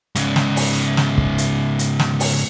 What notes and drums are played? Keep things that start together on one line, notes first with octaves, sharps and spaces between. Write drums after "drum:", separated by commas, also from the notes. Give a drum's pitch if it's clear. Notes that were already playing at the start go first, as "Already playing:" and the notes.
G#2 C#3, drum: hi-hat
drum: snare
drum: open hi-hat
drum: snare
drum: kick
drum: hi-hat
drum: hi-hat
drum: snare
drum: open hi-hat